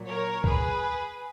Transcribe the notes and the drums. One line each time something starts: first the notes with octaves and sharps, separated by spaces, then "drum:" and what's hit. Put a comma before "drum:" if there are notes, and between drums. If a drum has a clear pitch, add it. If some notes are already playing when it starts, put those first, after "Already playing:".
Already playing: A#2 F#3
A#4 C#5
G#4 B4, drum: kick